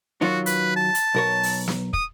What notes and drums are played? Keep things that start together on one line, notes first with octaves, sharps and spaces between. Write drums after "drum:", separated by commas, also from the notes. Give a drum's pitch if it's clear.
D#3 F#3 F4 F#4
B4, drum: hi-hat
A5
drum: hi-hat
B1 A#4 C#5
drum: open hi-hat
drum: snare
D#6, drum: kick